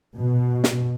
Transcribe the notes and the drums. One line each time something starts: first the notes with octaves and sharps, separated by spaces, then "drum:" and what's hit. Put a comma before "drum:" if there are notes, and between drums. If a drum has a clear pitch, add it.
B2
drum: snare